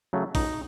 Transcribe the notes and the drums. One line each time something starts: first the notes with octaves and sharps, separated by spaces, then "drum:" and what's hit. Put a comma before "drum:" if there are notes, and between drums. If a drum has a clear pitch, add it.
C#3 F#3 A3
C#2 D#4, drum: kick, open hi-hat